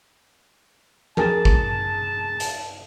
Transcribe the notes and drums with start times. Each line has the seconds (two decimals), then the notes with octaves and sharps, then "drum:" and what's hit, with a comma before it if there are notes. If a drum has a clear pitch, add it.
1.17 G#4 A#4 A5, drum: tom F3
1.45 drum: kick
2.40 drum: hi-hat